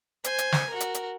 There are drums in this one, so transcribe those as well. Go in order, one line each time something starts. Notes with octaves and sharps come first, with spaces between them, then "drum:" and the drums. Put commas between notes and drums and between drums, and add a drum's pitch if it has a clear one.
C5 G#5, drum: hi-hat
drum: hi-hat
drum: snare
F#4 A#4
drum: hi-hat
drum: hi-hat